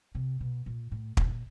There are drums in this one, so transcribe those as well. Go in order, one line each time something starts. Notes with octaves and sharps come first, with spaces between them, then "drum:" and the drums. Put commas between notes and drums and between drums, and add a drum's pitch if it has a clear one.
C3
B2
A#2
A2
A#2, drum: kick